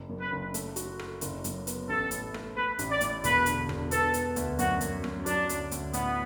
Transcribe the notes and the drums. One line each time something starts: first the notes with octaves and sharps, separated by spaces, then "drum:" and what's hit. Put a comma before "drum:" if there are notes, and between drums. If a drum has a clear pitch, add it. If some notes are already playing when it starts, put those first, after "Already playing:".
Already playing: F#1
F#2
B4
F#1
A3, drum: hi-hat
F#4, drum: hi-hat
A4, drum: rim click
F#1, drum: hi-hat
F#2, drum: hi-hat
B3, drum: hi-hat
A1 A4
A2, drum: hi-hat
A3, drum: rim click
A3 B4
A1, drum: hi-hat
D5
A2, drum: hi-hat
E1 B4, drum: hi-hat
D3, drum: hi-hat
E1, drum: rim click
B3 A4, drum: hi-hat
B3, drum: hi-hat
D2, drum: hi-hat
F#2 F#4, drum: hi-hat
F#2, drum: hi-hat
F#2, drum: rim click
F#3 D4, drum: hi-hat
D2, drum: hi-hat
D2, drum: hi-hat
A2 B3, drum: hi-hat